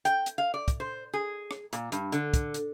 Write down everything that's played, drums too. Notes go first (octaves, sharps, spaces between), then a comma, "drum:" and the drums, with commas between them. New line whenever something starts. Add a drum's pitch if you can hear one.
G5, drum: hi-hat
drum: hi-hat
F5
D5
drum: kick, hi-hat
C5
G#4
drum: rim click
A#2, drum: hi-hat
G2, drum: hi-hat
D3, drum: hi-hat
drum: kick, hi-hat
drum: hi-hat